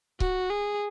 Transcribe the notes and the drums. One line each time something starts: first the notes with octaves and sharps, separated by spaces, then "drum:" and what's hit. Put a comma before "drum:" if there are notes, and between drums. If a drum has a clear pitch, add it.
F#4, drum: kick C#1
G#4